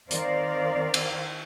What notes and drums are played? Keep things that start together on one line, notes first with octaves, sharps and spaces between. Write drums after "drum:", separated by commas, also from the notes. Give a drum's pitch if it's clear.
D#3 C4 A#4 C5 D5 F5, drum: hi-hat
drum: cymbal